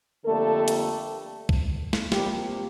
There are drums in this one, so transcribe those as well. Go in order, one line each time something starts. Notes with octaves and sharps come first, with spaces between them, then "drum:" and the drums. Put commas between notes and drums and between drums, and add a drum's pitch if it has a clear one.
F2 D3 G3 A3 A#3 A4
drum: hi-hat
drum: kick
drum: snare
C3 F3 G3 A#3 G4, drum: snare